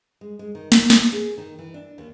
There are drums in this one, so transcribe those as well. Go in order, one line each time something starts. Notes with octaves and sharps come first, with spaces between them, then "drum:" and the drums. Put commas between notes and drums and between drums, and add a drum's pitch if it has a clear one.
G#3
G#3
D#3
D#3, drum: snare
A4, drum: snare
G#4
D#3
E3
D4
D#2